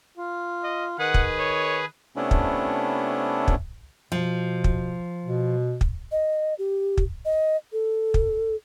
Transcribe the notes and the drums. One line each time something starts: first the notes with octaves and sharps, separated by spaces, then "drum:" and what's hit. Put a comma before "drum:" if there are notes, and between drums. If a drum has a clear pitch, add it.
F4
D#5
D#3 G#4 B4 F#5
drum: kick
C#5
C3 A3 B3 C#4 D4 E4
drum: kick
drum: kick
B2 F3
drum: kick
B2
drum: kick
D#5
G4
drum: kick
D#5
A4
drum: kick